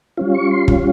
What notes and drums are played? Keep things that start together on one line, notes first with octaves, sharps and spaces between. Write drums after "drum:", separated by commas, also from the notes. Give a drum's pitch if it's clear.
G3 C#4 F4
C#6
C6
drum: kick